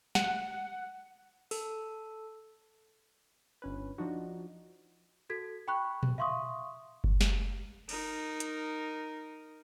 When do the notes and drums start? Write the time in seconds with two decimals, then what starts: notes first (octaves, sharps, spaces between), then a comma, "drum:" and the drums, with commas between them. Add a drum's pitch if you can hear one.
0.15 F#5, drum: snare
1.51 A4, drum: open hi-hat
3.62 G1 C#4 B4
3.98 F3 D4 D#4 F#4
5.29 F#4 A4 G#6 B6
5.68 G5 B5 C#6 F#6
6.03 drum: tom A#2
6.18 E5 F5 C6 C#6 D#6
7.04 drum: kick F#1
7.21 drum: snare
7.89 D#4 A#4, drum: cymbal
8.40 drum: hi-hat